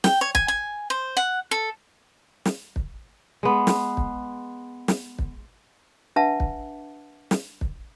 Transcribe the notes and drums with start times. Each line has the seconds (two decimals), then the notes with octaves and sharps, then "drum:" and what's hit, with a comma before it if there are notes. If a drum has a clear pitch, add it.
0.04 G5, drum: snare
0.21 C#5
0.35 G#5, drum: kick
0.48 G#5
0.90 C5
1.17 F#5
1.51 A4
2.46 drum: snare
2.76 drum: kick
3.43 G#3 B3
3.67 drum: snare
3.97 drum: kick
4.88 drum: snare
5.19 drum: kick
6.16 D4 B4 E5 F#5 A5
6.40 drum: kick
7.31 drum: snare
7.61 drum: kick